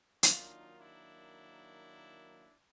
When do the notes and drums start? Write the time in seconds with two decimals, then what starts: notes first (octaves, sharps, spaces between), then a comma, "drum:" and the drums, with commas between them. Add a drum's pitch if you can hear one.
0.23 D#3 F#3 A#3 D4 D#4 F4, drum: hi-hat
0.78 D4 E4